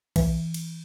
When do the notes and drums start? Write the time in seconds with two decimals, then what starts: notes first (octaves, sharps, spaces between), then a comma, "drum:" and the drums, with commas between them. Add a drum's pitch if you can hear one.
0.16 E3, drum: kick A#1, cymbal
0.54 drum: cymbal